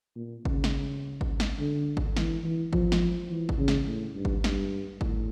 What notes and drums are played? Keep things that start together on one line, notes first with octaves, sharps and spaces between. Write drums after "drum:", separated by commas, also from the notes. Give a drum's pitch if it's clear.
A#2
C#3, drum: kick G#1
drum: snare
drum: kick G#1
drum: snare
D3
drum: kick G#1
E3, drum: snare
E3
F3, drum: kick G#1
drum: snare
E3
drum: kick G#1
C#3
drum: snare
A2
G2
drum: kick G#1
G2, drum: snare
A2, drum: kick G#1